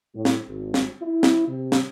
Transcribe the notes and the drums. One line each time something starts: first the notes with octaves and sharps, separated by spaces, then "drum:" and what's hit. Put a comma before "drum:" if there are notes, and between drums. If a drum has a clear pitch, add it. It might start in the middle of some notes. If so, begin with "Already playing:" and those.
A2
drum: snare
G#1
drum: snare
E4
drum: snare
C3
drum: snare